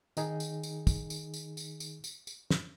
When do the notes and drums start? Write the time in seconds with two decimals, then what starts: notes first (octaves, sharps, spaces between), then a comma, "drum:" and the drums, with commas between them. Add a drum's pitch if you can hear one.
0.17 D#3 D#4 G#4, drum: tambourine
0.40 drum: tambourine
0.63 drum: tambourine
0.87 drum: kick, tambourine
1.10 drum: tambourine
1.34 drum: tambourine
1.57 drum: tambourine
1.80 drum: tambourine
2.04 drum: tambourine
2.27 drum: tambourine
2.51 drum: snare